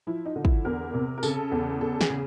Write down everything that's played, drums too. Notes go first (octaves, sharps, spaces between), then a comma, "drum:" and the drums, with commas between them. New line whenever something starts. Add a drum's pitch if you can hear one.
F3 E4
D#4
D3
E4, drum: kick
E2 A#4
C3
A#4
C#3 A4, drum: tambourine
E2
C#3 A4
G#4, drum: snare
C#3